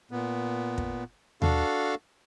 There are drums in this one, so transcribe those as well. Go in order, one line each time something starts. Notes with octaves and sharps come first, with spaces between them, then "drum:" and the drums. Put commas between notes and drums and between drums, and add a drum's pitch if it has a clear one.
A#2 B3
drum: kick
D4 F#4 A4 F5, drum: tom D#2